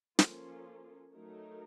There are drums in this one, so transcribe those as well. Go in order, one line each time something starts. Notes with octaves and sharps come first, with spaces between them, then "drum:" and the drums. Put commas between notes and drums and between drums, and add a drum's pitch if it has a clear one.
F3 A#3 C#4 F4 A4, drum: snare
F#3 A3 D#4 A#4